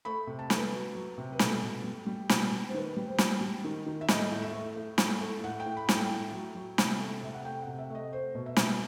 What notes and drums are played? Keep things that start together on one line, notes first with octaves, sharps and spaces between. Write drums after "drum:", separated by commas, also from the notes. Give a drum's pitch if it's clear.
A3 B5
C3
A5
A3, drum: snare
B4
F#3
F#3
C3
B4
B2 A4, drum: snare
B2
G3
G3
B2, drum: snare
G3
C5
D#3 B4
G3
C5
G3, drum: snare
G3
D#3
D#3
E5
A2 D#5, drum: snare
A2
E5
A3
A2
A2, drum: snare
A3
A2 F#5
G5
A2
B5
A2, drum: snare
G5
A2
F#3
F#3
C3, drum: snare
A3
C3 E5
F#5
A3 G5
C3 F#5
E5
A3 D#5
A3 C5
B2
E5
B2, drum: snare